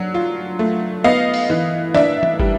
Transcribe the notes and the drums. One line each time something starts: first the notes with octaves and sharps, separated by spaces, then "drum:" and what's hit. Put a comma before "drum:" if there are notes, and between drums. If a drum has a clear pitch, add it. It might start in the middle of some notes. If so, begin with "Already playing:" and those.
Already playing: F#3 D4
F4
A3
B3 D#5 F5
drum: open hi-hat
E3
D4 D5 E5, drum: snare
drum: tom
G3, drum: kick